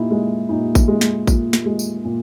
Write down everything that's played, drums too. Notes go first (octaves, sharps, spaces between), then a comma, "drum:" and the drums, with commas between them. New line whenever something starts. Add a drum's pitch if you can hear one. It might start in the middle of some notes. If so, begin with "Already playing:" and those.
Already playing: A#2 D#4 E4
G#3
A#2 D#4
drum: kick A1, tambourine
G#3
drum: snare
A#2, drum: kick A1, tambourine
drum: snare
G#3
drum: tambourine
A#2